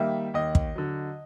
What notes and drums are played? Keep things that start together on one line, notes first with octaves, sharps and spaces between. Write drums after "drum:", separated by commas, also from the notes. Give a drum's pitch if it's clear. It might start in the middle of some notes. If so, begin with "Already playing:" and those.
Already playing: D#3 G3 A#3 E5
D#2 D#5
drum: kick
D3 F#3